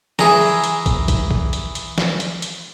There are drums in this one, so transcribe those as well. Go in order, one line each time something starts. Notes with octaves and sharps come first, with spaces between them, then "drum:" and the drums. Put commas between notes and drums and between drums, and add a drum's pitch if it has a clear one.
E3 G#4 A#5, drum: snare
drum: open hi-hat
drum: hi-hat
drum: kick, hi-hat
drum: kick, hi-hat
drum: kick
drum: hi-hat
drum: hi-hat
drum: snare
drum: hi-hat
drum: hi-hat